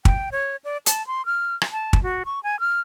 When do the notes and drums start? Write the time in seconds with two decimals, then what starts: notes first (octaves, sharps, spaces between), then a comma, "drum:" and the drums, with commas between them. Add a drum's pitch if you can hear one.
0.05 G5, drum: kick
0.32 C#5
0.64 D5
0.86 A5, drum: hi-hat
1.07 C6
1.26 F6
1.61 drum: rim click
1.72 A5
1.93 drum: kick
2.03 F#4
2.26 C#6
2.43 G#5
2.60 F6